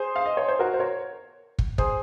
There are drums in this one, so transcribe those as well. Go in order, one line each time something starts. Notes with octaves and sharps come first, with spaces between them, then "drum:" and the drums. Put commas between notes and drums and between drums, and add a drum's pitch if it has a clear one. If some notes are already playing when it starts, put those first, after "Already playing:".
Already playing: G#4 C5
F5
D#5
C#5
C5
F#4 A#4
C5
A#4 C#5
drum: kick
G#4 C5, drum: kick